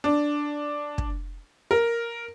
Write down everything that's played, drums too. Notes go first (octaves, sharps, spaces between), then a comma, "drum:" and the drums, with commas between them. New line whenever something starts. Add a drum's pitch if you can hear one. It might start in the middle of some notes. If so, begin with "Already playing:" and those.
D4
drum: kick
A#4